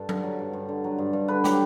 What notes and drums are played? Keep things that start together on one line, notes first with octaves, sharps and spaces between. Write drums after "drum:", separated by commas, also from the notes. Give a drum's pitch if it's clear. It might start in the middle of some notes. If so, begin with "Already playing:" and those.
Already playing: G2 A4
D3, drum: tom F#3
F#3
G2
G2
D3
F#3
G2
G2
D3 B4
F#3 G4, drum: snare